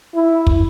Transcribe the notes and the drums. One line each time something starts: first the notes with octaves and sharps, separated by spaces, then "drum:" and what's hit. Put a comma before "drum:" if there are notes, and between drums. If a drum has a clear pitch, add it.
E4
drum: kick